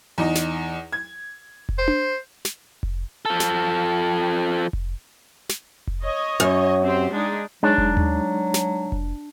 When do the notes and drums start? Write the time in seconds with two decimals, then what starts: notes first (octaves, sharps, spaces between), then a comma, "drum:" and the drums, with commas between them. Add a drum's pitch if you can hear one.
0.18 E2 D#4
0.35 drum: snare
0.93 G#6
1.69 drum: kick F1
1.78 C5
1.88 drum: tom D4
2.45 drum: snare
2.83 drum: kick F1
3.26 F3 A4
3.40 drum: snare
4.73 drum: kick F1
5.49 drum: snare
5.87 drum: kick F1
6.03 C#5 D#5
6.40 F#2
6.83 C4 G4 C5
7.11 G#3 D4 D#4
7.63 F#3 G#3 D4 D#4 C#5
7.78 drum: kick F1
7.97 drum: tom D#2
8.54 drum: snare
8.92 drum: kick F1